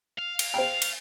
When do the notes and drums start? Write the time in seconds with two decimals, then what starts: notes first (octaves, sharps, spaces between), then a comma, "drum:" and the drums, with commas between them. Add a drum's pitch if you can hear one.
0.18 F5
0.39 drum: cymbal
0.54 C5 G5
0.82 drum: cymbal